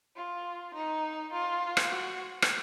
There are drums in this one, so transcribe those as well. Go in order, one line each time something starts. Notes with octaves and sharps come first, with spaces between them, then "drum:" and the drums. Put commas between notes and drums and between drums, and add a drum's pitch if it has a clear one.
F4
D#4
F4
drum: rim click
F#4
drum: rim click